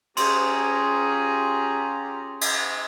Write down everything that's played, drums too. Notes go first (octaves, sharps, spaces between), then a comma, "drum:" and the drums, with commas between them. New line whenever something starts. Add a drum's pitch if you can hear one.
C#4 F4 G4 G#4 A#5 C6, drum: cymbal
drum: cymbal